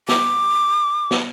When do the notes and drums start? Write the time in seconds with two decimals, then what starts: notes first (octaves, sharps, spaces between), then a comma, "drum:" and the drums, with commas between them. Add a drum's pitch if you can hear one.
0.08 D6, drum: snare
1.11 drum: snare